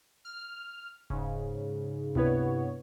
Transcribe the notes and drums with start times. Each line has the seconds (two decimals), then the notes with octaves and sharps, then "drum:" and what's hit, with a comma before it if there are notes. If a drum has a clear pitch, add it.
0.25 F6
1.10 G#2 C#3, drum: kick E1
2.15 G2 C3 B3 E4 B4 C#5, drum: tom C#2